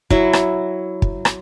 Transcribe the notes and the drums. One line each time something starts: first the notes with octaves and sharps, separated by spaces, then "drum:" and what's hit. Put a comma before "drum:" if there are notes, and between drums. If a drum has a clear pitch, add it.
F#3 E4, drum: kick
drum: rim click
drum: kick
drum: rim click